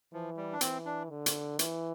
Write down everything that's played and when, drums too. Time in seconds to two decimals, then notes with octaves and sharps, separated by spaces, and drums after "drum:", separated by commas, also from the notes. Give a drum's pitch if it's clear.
0.12 E3 F3
0.37 G3
0.53 D4
0.61 E3 C4, drum: hi-hat
0.86 D4
1.10 D3
1.26 drum: hi-hat
1.59 E3, drum: hi-hat